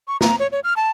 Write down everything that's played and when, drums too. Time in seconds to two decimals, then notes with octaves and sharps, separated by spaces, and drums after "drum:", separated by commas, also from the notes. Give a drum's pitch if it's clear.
0.08 C#6
0.21 A#5, drum: snare
0.39 C#5
0.52 C#5
0.64 F6
0.76 A5